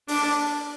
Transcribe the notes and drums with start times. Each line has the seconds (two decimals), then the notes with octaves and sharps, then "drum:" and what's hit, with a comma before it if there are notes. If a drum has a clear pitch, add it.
0.08 D4, drum: open hi-hat